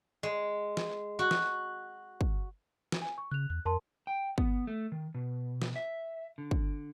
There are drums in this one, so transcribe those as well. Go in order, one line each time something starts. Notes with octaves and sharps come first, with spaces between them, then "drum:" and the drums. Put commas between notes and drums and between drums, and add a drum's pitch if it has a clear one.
G#3
drum: snare
F#4
drum: snare
drum: kick
drum: snare
G#5
C#6
C#3 F#6 F7
E2 F#6
F2 A#4 A5 C6
G5
B3, drum: kick
A3
D#3
B2
drum: snare
E5
D3
drum: kick